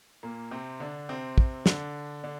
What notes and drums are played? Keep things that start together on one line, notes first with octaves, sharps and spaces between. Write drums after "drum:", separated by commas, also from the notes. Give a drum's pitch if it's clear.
A#2 A#3
C3 C4
D3 D4
C3 C4
drum: kick
D3 D4, drum: snare
D3 D4